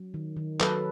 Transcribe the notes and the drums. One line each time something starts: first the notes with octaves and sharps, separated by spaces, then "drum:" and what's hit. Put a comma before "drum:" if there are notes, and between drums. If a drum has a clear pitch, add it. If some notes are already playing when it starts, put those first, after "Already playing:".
Already playing: F#3
D#3
D#3
F#3 A4 B4, drum: clap